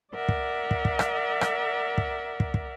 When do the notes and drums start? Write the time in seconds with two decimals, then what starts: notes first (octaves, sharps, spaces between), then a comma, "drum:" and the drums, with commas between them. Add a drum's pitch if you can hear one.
0.14 A#4 D5 E5 F#5
0.29 drum: kick
0.71 drum: kick
0.85 drum: kick
0.99 drum: rim click
1.41 drum: rim click
1.98 drum: kick
2.40 drum: kick
2.54 drum: kick